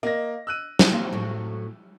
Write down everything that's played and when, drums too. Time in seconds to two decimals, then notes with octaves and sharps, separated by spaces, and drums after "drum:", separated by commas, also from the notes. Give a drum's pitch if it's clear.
0.03 A#3 D#5 A#6
0.47 E6 F#6 D#7
0.79 drum: snare
0.92 A#3 C4
1.13 A2 F#3